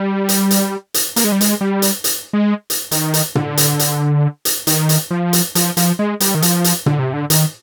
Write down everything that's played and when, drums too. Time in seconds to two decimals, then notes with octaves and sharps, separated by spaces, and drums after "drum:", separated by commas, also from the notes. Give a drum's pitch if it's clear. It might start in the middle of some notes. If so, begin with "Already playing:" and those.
Already playing: G3
0.29 drum: hi-hat
0.51 drum: hi-hat
0.94 drum: hi-hat
1.16 A#3, drum: hi-hat
1.24 G#3
1.32 G3
1.41 G#3, drum: hi-hat
1.61 G3
1.82 drum: hi-hat
2.04 drum: hi-hat
2.33 G#3
2.70 drum: hi-hat
2.91 D#3, drum: hi-hat
3.14 drum: hi-hat
3.35 D3, drum: tom
3.57 drum: hi-hat
3.79 drum: hi-hat
4.45 drum: hi-hat
4.67 D#3, drum: hi-hat
4.89 drum: hi-hat
5.11 F3
5.33 drum: hi-hat
5.55 F3, drum: hi-hat
5.77 F3, drum: hi-hat
5.99 G#3
6.20 G3, drum: hi-hat
6.35 D#3
6.42 F3, drum: hi-hat
6.64 drum: hi-hat
6.86 D3, drum: tom
6.99 C3
7.13 D3
7.30 D#3, drum: hi-hat